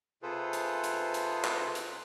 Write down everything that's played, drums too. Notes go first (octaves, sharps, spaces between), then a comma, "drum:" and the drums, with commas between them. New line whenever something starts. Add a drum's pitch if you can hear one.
C3 F4 G#4 A4 B4 C5
drum: hi-hat
drum: hi-hat
drum: hi-hat
drum: clap
drum: hi-hat